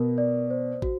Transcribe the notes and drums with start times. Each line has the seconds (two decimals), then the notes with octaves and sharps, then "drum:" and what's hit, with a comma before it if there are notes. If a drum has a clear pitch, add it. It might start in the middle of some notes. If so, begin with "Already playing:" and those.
Already playing: B2 A#4
0.18 D5
0.50 C5
0.82 F#4, drum: kick